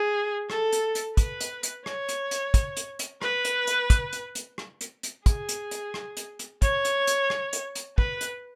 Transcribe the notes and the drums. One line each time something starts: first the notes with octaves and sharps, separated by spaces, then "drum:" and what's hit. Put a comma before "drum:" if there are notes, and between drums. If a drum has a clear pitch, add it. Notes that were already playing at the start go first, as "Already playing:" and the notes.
Already playing: G#4
A4, drum: rim click
drum: hi-hat
drum: hi-hat
B4, drum: kick, hi-hat
drum: hi-hat
drum: hi-hat
C#5, drum: rim click
drum: hi-hat
drum: hi-hat
drum: kick, hi-hat
drum: hi-hat
drum: hi-hat
B4, drum: rim click
drum: hi-hat
drum: hi-hat
drum: kick, hi-hat
drum: hi-hat
drum: hi-hat
drum: rim click
drum: hi-hat
drum: hi-hat
G#4, drum: kick, hi-hat
drum: hi-hat
drum: hi-hat
drum: rim click
drum: hi-hat
drum: hi-hat
C#5, drum: kick, hi-hat
drum: hi-hat
drum: hi-hat
drum: rim click
drum: hi-hat
drum: hi-hat
B4, drum: kick
drum: hi-hat